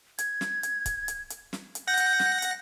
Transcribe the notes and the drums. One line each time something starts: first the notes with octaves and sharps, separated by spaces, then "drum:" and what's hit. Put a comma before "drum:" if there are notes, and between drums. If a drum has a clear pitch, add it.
G#6, drum: hi-hat
drum: snare
drum: hi-hat
drum: kick, hi-hat
drum: hi-hat
drum: hi-hat
drum: snare
drum: hi-hat
F#5 G6 A#6
drum: hi-hat
drum: snare
drum: hi-hat